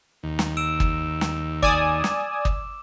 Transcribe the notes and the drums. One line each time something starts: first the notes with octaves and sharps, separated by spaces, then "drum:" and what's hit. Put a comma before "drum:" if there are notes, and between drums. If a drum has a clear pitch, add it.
D#2
drum: snare
E6 D7 E7
drum: kick
drum: snare
D5 G#5 D6 D#6 E7, drum: kick
drum: snare
drum: kick